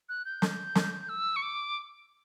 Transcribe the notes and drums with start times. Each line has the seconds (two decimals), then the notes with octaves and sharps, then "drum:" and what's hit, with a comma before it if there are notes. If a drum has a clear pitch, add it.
0.09 F#6
0.25 G6
0.42 drum: snare
0.75 drum: snare
1.09 E6
1.36 C#6
1.42 D6